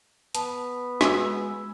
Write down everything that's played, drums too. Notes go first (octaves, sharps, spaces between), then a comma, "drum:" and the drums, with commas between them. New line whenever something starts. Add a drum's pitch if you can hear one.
B3 A5, drum: hi-hat
G#3 F#4 G#5 C6 E6, drum: snare